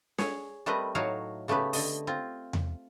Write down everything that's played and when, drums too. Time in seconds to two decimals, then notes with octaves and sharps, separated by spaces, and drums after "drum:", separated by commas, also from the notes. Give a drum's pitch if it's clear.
0.18 G#4 C#5, drum: snare
0.66 G3 A3 C4 A#4 B4 D#5
0.95 A2 F#3 D#4 F#4 C#5 F5
1.48 C#3 A3 B3 G4 B4
1.73 D3 D#5, drum: open hi-hat
2.07 C4 F4
2.53 drum: tom E2